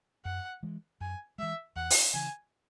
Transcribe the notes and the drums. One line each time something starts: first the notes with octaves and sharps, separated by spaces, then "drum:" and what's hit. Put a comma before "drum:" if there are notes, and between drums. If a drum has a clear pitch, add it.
F#2 F#5
E3 G#3
F#2 G#5
E3 G#3 E5
E2 F#5
drum: open hi-hat
C#3 E3 G#5